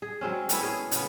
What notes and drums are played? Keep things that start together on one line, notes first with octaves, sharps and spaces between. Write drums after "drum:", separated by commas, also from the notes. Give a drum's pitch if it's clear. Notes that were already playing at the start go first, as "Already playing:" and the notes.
G#4
F#3 G#3 C4 C#4
G#3 A3 B3 E4, drum: hi-hat
C#4 G#4
C#3 B3, drum: hi-hat